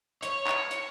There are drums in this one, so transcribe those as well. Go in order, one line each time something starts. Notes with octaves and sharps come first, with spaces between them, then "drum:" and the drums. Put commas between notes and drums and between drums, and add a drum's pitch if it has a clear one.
C#5, drum: hi-hat
drum: clap
drum: hi-hat